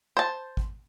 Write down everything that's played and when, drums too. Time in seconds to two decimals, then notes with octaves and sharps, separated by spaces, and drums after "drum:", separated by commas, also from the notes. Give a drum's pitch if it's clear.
0.17 C5 A5
0.57 drum: kick G#1